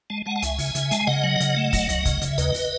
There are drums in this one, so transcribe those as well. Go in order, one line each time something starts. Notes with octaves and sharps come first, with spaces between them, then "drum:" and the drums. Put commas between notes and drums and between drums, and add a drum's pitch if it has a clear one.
G#3 A5
G#3 F#5 A5
A5
C#2 E5 G#5, drum: hi-hat
C#3, drum: open hi-hat
C#3, drum: hi-hat
G#3 A5, drum: hi-hat
G#5
C#3 D#5 F#5
F#3
C#3, drum: hi-hat
A3
F#3, drum: kick, open hi-hat
C#2, drum: hi-hat
C#3, drum: kick, hi-hat
C#3, drum: hi-hat
E5
D#2 B4 D#5, drum: hi-hat
drum: open hi-hat